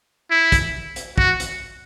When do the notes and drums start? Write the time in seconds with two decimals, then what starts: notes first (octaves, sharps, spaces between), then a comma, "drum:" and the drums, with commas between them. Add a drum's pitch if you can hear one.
0.31 E4
0.52 drum: kick, hi-hat
0.96 drum: hi-hat
1.18 F#4, drum: kick
1.40 drum: hi-hat